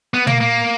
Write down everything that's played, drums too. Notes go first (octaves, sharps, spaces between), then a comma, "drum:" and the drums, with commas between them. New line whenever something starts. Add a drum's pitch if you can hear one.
B3
A#3, drum: tom A#2
A#3